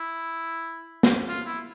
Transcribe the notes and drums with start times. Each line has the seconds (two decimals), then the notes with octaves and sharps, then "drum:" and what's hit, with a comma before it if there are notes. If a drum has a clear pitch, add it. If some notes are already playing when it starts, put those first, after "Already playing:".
Already playing: E4
1.03 drum: snare
1.28 F4
1.46 E4